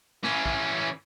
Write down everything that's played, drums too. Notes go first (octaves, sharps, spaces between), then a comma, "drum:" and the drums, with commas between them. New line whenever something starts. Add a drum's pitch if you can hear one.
E3 C#4, drum: snare
drum: kick